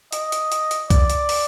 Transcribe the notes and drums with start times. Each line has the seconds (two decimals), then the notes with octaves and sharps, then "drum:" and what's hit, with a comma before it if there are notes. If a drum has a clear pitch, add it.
0.12 D#5, drum: hi-hat
0.32 drum: hi-hat
0.52 drum: hi-hat
0.71 drum: hi-hat
0.90 D5, drum: kick C2, hi-hat
1.10 drum: hi-hat
1.29 drum: open hi-hat